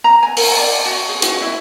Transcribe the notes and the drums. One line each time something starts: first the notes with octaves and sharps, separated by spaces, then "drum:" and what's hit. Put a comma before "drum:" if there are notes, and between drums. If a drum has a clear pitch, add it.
A#5
G#5
A#4, drum: open hi-hat
D5
F#4
G#4
F#4, drum: hi-hat
E4